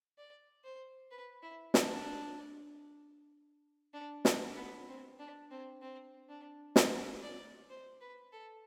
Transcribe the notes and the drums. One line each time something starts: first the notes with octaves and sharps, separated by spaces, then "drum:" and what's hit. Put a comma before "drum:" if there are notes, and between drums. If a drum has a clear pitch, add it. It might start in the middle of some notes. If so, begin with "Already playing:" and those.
D5
C5
B4
E4
D4, drum: snare
D4
D4, drum: snare
B3
C4
D4
C4
C4
D4
C5, drum: snare
D5
C5
B4
A4